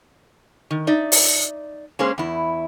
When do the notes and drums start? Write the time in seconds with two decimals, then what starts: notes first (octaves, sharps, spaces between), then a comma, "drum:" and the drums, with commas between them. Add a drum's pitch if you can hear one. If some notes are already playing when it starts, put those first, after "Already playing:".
0.71 D#3
0.87 D#4 D5 E5
1.12 drum: open hi-hat
1.99 G#3 A#3 C#4 G#4 C5
2.18 E2 E4